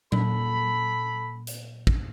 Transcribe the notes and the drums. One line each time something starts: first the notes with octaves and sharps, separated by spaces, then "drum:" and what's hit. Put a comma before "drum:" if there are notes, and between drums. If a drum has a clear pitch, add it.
A#2 A4 B5, drum: tom F#3
drum: hi-hat
drum: kick